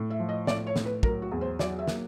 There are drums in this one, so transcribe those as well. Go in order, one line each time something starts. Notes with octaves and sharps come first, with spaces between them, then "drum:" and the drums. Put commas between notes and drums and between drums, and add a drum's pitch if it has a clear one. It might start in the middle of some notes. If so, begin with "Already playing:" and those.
Already playing: A2
E5
F3
D#5
A2 D5, drum: snare
C#5
A2, drum: snare
B4
F#3 A#4, drum: kick
F#4
E2
C5
F#3 D5, drum: snare
E5
A#3, drum: snare